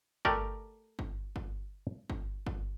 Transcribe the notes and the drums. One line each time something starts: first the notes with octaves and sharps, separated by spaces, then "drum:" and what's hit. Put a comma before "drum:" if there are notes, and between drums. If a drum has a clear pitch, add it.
A3 G4 A#4 D5, drum: kick G1
drum: kick G1
drum: kick G1
drum: kick G1
drum: kick G1